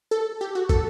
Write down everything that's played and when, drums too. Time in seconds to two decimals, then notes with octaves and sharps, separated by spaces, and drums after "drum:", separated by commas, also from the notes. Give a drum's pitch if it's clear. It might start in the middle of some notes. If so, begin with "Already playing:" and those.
0.11 A4
0.41 G4
0.55 F#4
0.69 A4, drum: kick